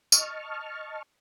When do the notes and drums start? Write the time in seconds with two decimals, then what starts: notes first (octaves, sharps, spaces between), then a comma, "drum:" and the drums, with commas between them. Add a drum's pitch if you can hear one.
0.12 D#5 A5 C#6 F6, drum: tambourine